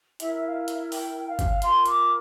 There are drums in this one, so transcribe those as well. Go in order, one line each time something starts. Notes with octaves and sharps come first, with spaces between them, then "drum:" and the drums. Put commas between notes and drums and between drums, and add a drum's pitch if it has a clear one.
E4 A#4 E5, drum: hi-hat
E5
F5
drum: hi-hat
G5, drum: open hi-hat
G5
F5
drum: kick, hi-hat
F4 A#4 C6, drum: hi-hat
D6, drum: hi-hat